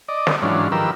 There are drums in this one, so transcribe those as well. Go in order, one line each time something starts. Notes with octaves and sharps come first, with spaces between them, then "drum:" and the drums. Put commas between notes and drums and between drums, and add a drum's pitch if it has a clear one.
D5 D#5
drum: snare
G#2 E3 F#3 C#4 D4 F4
D#3 F3 G4 A#4 B4 E6